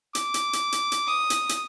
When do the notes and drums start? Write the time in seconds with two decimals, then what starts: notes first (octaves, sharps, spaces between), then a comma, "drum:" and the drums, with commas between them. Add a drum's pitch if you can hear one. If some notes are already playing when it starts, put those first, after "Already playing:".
0.15 D6, drum: hi-hat
0.34 drum: hi-hat
0.53 drum: hi-hat
0.72 drum: hi-hat
0.92 drum: hi-hat
1.07 D#6
1.30 drum: hi-hat
1.49 drum: hi-hat